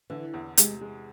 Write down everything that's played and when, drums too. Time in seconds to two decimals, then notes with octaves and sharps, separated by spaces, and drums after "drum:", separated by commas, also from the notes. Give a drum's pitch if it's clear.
0.10 D3 E3
0.34 E2
0.57 C3 G#3, drum: hi-hat
0.81 G#3